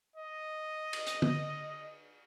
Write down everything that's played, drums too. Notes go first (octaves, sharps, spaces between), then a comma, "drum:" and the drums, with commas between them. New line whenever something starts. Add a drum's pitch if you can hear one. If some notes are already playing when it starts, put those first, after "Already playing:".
D#5
drum: cymbal
drum: hi-hat
drum: tom D3